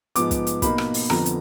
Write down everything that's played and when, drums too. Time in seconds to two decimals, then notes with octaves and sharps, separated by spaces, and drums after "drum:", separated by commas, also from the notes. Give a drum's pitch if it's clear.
0.16 G#2 F3 B3 D6, drum: hi-hat
0.31 drum: kick, hi-hat
0.47 drum: hi-hat
0.62 B2 A#3 D#4 B5, drum: kick, hi-hat
0.78 drum: rim click
0.94 drum: open hi-hat
1.10 F2 D3 F3 B3 A#5, drum: rim click
1.26 drum: hi-hat